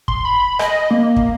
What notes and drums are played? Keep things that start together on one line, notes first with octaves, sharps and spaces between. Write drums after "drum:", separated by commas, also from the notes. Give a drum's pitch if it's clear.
C6, drum: kick
B5
D#5, drum: rim click
A#3
drum: kick